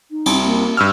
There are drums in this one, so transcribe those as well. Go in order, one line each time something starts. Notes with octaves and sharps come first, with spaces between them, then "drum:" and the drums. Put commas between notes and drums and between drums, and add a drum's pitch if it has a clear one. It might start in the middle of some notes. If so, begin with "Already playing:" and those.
D#4
C2, drum: cymbal
A#3
G2 E6 F6